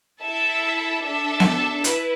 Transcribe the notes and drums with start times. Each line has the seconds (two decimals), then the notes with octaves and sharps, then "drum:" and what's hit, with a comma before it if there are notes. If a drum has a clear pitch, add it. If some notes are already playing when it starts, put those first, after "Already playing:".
0.21 E4 A4 E5 A5
1.02 D4 A4 E5 A5
1.40 drum: snare B3
1.84 E4 B4, drum: hi-hat